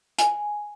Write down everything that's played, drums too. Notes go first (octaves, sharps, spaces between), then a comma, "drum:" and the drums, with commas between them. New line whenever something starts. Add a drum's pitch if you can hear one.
G#5, drum: hi-hat